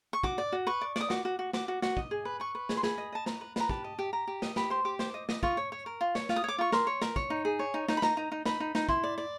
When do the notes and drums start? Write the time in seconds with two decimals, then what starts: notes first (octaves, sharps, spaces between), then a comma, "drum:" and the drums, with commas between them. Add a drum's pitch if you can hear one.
0.13 C#6
0.23 F#4 D6, drum: kick
0.38 D5
0.52 F#4
0.67 B4 C#6
0.81 D5
0.96 D5 D#6, drum: snare
1.10 F#4 D6, drum: snare
1.25 F#4
1.39 F#4
1.53 F#4 D6, drum: snare
1.68 F#4
1.82 F#4, drum: snare
1.97 D#5, drum: kick
2.11 G#4
2.25 B4
2.40 B4 C#6
2.55 B4
2.69 G#4, drum: snare
2.77 C6
2.83 G#4 B5, drum: snare
2.98 D#5
3.12 D#5 A5
3.26 B4 A#5, drum: snare
3.41 B4
3.56 B4 A#5, drum: snare
3.69 G4 A5, drum: kick
3.84 D#5
3.99 G4
4.13 G4 A#5
4.28 G4
4.42 D#5, drum: snare
4.56 G4 B5, drum: snare
4.70 C5 C6
4.85 G4 D6
4.99 C5 D6, drum: snare
5.14 D#5
5.29 D#5, drum: snare
5.43 F4 C#6, drum: kick
5.57 C#5
5.72 C#5
5.86 A#4
6.01 F4
6.15 C#5, drum: snare
6.29 F4, drum: snare
6.36 D#6
6.44 C#5 D6
6.58 F4 C#6
6.72 A#4 C6, drum: snare
6.87 C#5
7.02 A#4, drum: snare
7.16 C#5, drum: kick
7.30 D#4
7.45 G#4
7.59 C#5
7.74 D#4
7.88 D#4, drum: snare
7.97 B5
8.02 D#4 A#5, drum: snare
8.17 D#4
8.32 D#4
8.45 D#4 B5, drum: snare
8.60 D#4
8.75 D#4, drum: snare
8.89 E4 C6, drum: kick
9.04 D5
9.18 D5